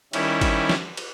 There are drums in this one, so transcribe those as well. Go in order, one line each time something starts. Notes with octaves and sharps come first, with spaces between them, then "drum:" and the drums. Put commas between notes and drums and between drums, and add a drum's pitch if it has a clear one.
D#3 G3 C#4 E4, drum: cymbal
drum: kick G#1, cymbal
drum: snare
drum: cymbal